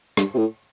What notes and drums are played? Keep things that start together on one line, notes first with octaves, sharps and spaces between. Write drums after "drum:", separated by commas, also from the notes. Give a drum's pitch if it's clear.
G2, drum: rim click
C3
A2